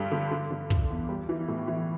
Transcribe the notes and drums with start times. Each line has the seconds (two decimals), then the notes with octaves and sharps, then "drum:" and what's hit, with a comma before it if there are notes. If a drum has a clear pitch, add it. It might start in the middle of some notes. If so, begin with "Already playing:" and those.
Already playing: G2 D3 G3
0.12 D3
0.31 D3
0.51 D3
0.70 D3, drum: kick
0.90 E2
1.09 G3
1.29 E3
1.48 A2
1.67 E3